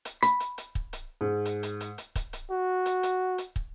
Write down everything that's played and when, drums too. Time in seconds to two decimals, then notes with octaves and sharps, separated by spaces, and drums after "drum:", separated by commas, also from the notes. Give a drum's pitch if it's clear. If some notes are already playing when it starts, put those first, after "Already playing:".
0.05 drum: hi-hat
0.23 B5, drum: hi-hat
0.40 drum: hi-hat
0.58 drum: hi-hat
0.75 drum: kick
0.93 drum: hi-hat
1.21 G#2
1.45 drum: hi-hat
1.63 drum: hi-hat
1.80 drum: hi-hat
1.98 drum: hi-hat
2.15 drum: kick, hi-hat
2.33 drum: hi-hat
2.51 F#4
2.86 drum: hi-hat
3.03 drum: hi-hat
3.38 drum: hi-hat
3.56 drum: kick